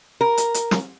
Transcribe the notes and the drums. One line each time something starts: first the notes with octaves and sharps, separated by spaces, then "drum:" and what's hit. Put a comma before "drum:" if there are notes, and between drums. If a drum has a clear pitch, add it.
A#4
drum: hi-hat
drum: hi-hat
drum: snare